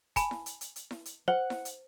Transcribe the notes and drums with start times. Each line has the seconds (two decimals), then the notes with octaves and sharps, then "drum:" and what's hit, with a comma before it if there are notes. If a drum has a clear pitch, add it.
0.16 G#5 A5 B5, drum: kick, hi-hat
0.31 drum: snare E4
0.46 drum: hi-hat
0.61 drum: hi-hat
0.76 drum: hi-hat
0.91 drum: snare E4
1.05 drum: hi-hat
1.28 C5 F#5
1.50 drum: snare E4
1.65 drum: hi-hat